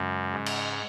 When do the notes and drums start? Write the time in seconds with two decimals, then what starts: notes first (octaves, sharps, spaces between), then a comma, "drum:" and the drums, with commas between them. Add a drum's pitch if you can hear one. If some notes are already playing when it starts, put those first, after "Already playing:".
Already playing: F#2 C#3 G#3 C#4
0.33 G#2
0.46 drum: cymbal